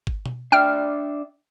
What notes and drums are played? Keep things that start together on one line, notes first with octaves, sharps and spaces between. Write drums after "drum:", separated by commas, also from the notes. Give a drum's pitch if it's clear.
drum: kick
drum: tom B2
D4 D5 E5 G5 F6